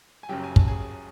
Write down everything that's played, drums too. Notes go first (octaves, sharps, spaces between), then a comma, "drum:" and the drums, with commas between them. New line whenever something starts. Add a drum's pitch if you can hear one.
G#5
F#1 F#2 C#3 F#3 G4 G5
G#5
A5, drum: kick
G#4 G#5